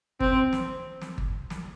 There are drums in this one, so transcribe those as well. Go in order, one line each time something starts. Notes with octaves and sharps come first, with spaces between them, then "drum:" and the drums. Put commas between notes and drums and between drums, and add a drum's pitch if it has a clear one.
C4, drum: kick G1
drum: snare
drum: snare
drum: kick G1
drum: snare